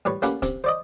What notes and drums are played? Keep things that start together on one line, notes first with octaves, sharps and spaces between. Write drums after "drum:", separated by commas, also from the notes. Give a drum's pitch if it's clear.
A2 G3 B4 C#5
A3 A#3 C#4 G4 B4 F#5, drum: hi-hat
C3, drum: kick D1, hi-hat
C5 D5 D#5